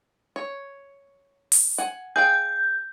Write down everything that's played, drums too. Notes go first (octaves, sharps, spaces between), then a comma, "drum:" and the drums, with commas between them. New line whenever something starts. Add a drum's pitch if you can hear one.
C#5
drum: open hi-hat
F#5 G#5
G#4 F5 G5 G6